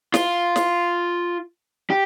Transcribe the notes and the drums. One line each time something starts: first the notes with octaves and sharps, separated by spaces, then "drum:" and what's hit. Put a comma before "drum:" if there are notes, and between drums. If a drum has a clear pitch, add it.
F4, drum: snare
drum: snare
G4